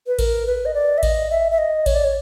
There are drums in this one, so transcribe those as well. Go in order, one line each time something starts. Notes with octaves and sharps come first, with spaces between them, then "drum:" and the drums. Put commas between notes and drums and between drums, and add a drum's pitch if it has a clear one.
B4
A#4, drum: kick A1, cymbal
B4
D#5
D5
E5
D#5, drum: kick A1, cymbal
E5
E5
D#5
C#5, drum: kick A1, cymbal
D5
C#5